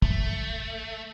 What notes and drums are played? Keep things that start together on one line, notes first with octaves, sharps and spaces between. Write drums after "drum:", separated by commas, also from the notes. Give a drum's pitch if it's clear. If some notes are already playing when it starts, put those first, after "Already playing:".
A3, drum: kick